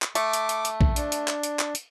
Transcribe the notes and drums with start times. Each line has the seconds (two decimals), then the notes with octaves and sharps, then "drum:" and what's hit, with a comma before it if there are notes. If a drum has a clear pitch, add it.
0.02 drum: clap
0.15 A3 D6, drum: hi-hat
0.33 drum: hi-hat
0.49 drum: hi-hat
0.65 drum: hi-hat
0.81 drum: kick A#1
0.96 D4, drum: hi-hat
1.12 drum: hi-hat
1.28 drum: clap
1.43 drum: hi-hat
1.59 drum: clap
1.75 drum: hi-hat